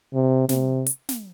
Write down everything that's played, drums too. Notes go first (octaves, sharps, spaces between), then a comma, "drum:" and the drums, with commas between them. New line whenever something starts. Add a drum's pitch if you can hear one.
C3
C3, drum: snare
drum: hi-hat
drum: snare